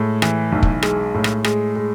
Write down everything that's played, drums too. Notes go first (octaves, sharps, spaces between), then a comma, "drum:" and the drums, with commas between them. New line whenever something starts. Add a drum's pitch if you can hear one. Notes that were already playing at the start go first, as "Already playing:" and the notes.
Already playing: A2 G#3
E3, drum: rim click
B1
drum: kick
G#3, drum: rim click
A2
drum: rim click
G#3, drum: rim click
G#3